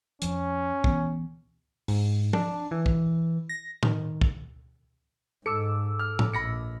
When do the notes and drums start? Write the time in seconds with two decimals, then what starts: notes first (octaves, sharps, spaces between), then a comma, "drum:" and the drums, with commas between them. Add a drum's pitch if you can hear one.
0.22 F2 F3 C#4, drum: hi-hat
0.84 E3 B3, drum: kick
1.88 G#2, drum: open hi-hat
2.33 D4, drum: tom F3
2.71 E3
2.86 drum: kick
3.49 A#6
3.83 D#3, drum: tom A2
4.21 drum: kick
5.46 G#2 A4 D6 E6 C#7
5.99 F6
6.19 drum: tom A2
6.34 A#1 B5 A#6 C#7